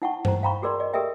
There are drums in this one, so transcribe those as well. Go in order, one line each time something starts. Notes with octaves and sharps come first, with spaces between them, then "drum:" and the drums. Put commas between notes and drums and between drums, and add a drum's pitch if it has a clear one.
D#4 E4 F#5 G5 A5 C#6
C5 A#5, drum: tom G2
F5 G5 A#5 B5 C#6
F#4 G#4 A#4 D5 C6
D5 D#5
G4 A4 A#4 D5 E5 G5